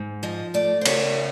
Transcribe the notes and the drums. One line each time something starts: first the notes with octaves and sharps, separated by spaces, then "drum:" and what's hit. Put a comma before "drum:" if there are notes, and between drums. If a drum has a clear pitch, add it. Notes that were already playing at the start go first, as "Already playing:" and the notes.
Already playing: G#2
F3 D#5
A3 D5
C5
C#3 C#5, drum: cymbal